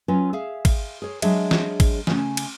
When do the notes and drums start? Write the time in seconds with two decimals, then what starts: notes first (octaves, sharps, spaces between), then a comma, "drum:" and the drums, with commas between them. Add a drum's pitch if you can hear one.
0.08 F#3 C#4 F4 B4
0.33 G#4 E5 F5
0.65 drum: kick, cymbal
1.02 G#4 C#5
1.22 F#3 G#3 D4 G#4 C#5 E5, drum: cymbal
1.51 drum: snare
1.80 drum: kick, cymbal
2.07 C#3 A3 C#4, drum: snare
2.37 drum: cymbal